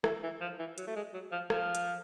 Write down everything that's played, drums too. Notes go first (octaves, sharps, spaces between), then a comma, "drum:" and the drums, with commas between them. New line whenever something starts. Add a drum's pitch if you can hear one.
E3, drum: rim click
E3
F3
E3
F#3, drum: hi-hat
A3
G#3
F#3
F3
F3, drum: rim click
drum: hi-hat